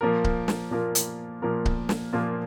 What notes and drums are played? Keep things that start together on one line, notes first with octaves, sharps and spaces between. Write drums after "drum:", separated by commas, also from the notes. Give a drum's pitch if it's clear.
A#2 F3 A#3 F4 A#4
drum: kick C#1
drum: snare
A#2 F3 A#3 F4 A#4
drum: hi-hat
A#2 F3 A#3 F4 A#4
drum: kick C#1
drum: snare
A#2 F3 A#3 F4 A#4